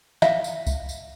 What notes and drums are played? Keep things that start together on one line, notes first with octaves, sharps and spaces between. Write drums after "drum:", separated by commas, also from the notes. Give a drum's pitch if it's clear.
E5 F5, drum: snare
drum: tambourine
drum: kick C2, tambourine
drum: tambourine